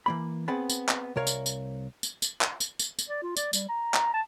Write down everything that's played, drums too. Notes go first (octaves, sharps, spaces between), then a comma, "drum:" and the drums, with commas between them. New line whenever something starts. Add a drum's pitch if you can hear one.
E3 A#3 B5
B3 C4 G#4 F#5 A5 B5
drum: tambourine
drum: clap
C2 C3 A#4 C#5 F5
drum: tambourine
drum: tambourine
drum: tambourine
drum: tambourine
drum: clap
drum: tambourine
drum: tambourine
drum: tambourine
D5
F4
D5, drum: tambourine
G3, drum: tambourine
A#5
A#5, drum: clap
A5